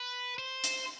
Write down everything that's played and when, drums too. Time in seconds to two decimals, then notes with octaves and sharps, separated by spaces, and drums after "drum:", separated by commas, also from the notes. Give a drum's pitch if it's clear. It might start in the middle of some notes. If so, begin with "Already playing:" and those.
Already playing: B4
0.39 C5
0.64 drum: hi-hat